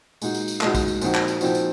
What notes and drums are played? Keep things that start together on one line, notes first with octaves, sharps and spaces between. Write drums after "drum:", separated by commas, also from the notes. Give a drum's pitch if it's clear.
A#2 G#3 D#4 F#4, drum: tambourine
drum: tambourine
drum: tambourine
A#2 G#3 D#4 F#4, drum: clap
drum: kick, tambourine
drum: tambourine
A#2 F3 C4 D#4 F#4, drum: tambourine
drum: clap
drum: tambourine
A#2 F3 C4 D#4 F#4, drum: tambourine
drum: tambourine